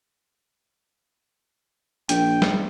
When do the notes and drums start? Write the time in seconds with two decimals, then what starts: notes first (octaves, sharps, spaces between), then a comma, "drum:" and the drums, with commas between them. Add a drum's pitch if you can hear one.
2.09 A#1 G5, drum: hi-hat
2.42 drum: snare